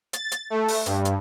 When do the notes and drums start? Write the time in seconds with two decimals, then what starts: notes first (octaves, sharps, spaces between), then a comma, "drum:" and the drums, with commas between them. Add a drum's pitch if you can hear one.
0.13 A6, drum: hi-hat
0.32 drum: hi-hat
0.50 A3
0.68 drum: open hi-hat
0.86 G2, drum: hi-hat
1.05 drum: hi-hat